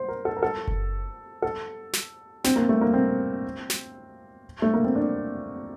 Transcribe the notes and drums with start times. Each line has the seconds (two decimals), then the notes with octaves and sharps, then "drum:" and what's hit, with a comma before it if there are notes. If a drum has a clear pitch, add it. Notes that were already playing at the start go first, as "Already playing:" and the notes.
Already playing: C5
0.08 A#4
0.25 A4
0.37 A#4
0.43 A4
0.67 drum: kick F#1
1.42 A4
1.93 drum: snare
2.44 C4, drum: snare
2.56 A#3
2.69 A3
2.81 A#3
2.94 C4
3.70 drum: snare
4.62 A3
4.74 A#3
4.84 C4
4.95 D4